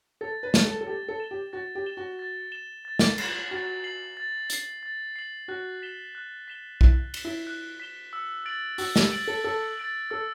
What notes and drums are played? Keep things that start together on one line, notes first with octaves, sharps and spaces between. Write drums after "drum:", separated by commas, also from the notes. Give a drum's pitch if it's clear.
A4 A6
B4
E7 G7, drum: snare
A4
A4
G4 A6
A4
E7 G7
G4
F#4 A6
G4
E7 G7
F#4
A6
E7 G7
A6
drum: snare
C7 F#7, drum: cymbal
F#4 A6
C7 F#7
A6
C7 F#7, drum: hi-hat
A6
C7 F#7
F#4 F#6
B6 E7 G7
F#6
B6 E7 G7
E4 F#6, drum: kick B1
B6 E7 G7, drum: cymbal
E4
F#6
B6 E7 G7
E6
A6 D7 F#7
F#4 E6, drum: open hi-hat
G4, drum: snare
A6 D7 F#7
A4
A4 E6
A6 D7 F#7
A4 E6